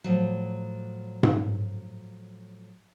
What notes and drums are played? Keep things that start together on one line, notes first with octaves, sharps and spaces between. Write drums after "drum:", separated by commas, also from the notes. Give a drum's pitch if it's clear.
A2 F3 F#3
drum: tom G#2